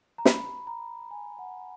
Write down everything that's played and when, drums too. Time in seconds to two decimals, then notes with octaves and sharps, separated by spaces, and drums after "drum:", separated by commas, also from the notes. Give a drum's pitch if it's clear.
0.18 A#5
0.25 B5, drum: snare
0.67 A#5
1.11 G#5
1.39 F#5